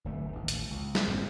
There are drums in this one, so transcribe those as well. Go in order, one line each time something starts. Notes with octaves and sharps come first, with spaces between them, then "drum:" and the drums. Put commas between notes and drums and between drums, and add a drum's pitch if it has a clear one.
D1 G1 A3
A1 D#2
drum: hi-hat
C#2
drum: snare
F#1 G#2 A#3 C4